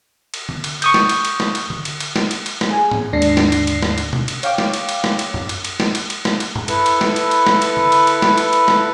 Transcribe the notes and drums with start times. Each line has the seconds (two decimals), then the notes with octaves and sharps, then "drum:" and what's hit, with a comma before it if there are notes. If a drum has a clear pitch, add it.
0.34 drum: cymbal
0.49 drum: tom D3
0.64 drum: cymbal
0.82 C#6 D#6 G6, drum: cymbal
0.94 drum: snare
1.09 drum: cymbal
1.25 drum: cymbal
1.40 drum: snare
1.55 drum: cymbal
1.70 drum: tom D3
1.85 drum: cymbal
2.00 drum: cymbal
2.16 drum: snare
2.31 drum: cymbal
2.46 drum: cymbal
2.61 drum: snare
2.70 G#4 G#5
2.91 drum: tom G#2
3.13 D#2 G#2 D3 D4 A#6 C7
3.22 drum: cymbal
3.37 drum: snare
3.52 drum: cymbal
3.67 drum: cymbal
3.82 drum: snare
3.98 drum: cymbal
4.13 drum: tom B2
4.28 drum: cymbal
4.43 C#5 F5 G5 D6, drum: cymbal
4.58 drum: snare
4.73 drum: cymbal
4.89 drum: cymbal
5.04 drum: snare
5.19 drum: cymbal
5.34 drum: tom F#2
5.49 drum: cymbal
5.65 drum: cymbal
5.80 drum: snare
5.95 drum: cymbal
6.10 drum: cymbal
6.25 drum: snare
6.40 drum: cymbal
6.56 drum: tom F#2
6.68 E4 A4 B4, drum: cymbal
6.86 drum: cymbal
7.01 drum: snare
7.16 drum: cymbal
7.31 drum: cymbal
7.47 drum: snare
7.62 drum: cymbal
7.77 drum: tom D3
7.92 drum: cymbal
8.07 drum: cymbal
8.22 drum: snare
8.38 drum: cymbal
8.53 drum: cymbal
8.68 drum: snare